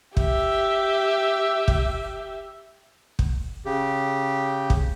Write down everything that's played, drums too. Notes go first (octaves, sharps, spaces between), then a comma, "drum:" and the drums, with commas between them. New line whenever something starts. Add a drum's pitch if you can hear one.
G4 E5, drum: kick
drum: kick
drum: kick
C#3 G4
drum: kick